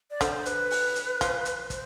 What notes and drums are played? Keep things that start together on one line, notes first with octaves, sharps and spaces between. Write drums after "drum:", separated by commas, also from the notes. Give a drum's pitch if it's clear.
D5
D3 C5, drum: kick, hi-hat
B4, drum: hi-hat
drum: open hi-hat
drum: hi-hat
F3, drum: kick, hi-hat
drum: hi-hat
C5, drum: kick, hi-hat